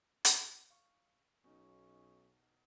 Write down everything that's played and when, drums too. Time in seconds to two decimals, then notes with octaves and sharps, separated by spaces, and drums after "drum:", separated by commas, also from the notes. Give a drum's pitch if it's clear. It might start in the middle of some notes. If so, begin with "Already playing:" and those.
0.25 G5, drum: hi-hat
0.70 F5 C#6
1.44 B1 B2 C#4 D#4